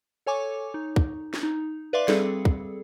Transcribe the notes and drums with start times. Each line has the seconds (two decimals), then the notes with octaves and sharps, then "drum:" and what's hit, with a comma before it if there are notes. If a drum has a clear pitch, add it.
0.27 A4 C#5 G#5 C#6 D6
0.74 D#4
0.96 drum: kick
1.34 drum: snare
1.43 D#4
1.93 B4 D5 E5 F5 C6 D6
2.08 G3 C4 G#4 A4, drum: snare
2.45 drum: kick